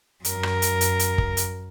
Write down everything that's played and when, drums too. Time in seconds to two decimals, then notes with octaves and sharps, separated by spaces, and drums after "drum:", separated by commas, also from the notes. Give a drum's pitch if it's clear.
0.25 F#2 A#4, drum: hi-hat
0.43 drum: rim click
0.62 drum: hi-hat
0.81 drum: hi-hat
0.99 drum: hi-hat
1.18 drum: kick
1.37 drum: hi-hat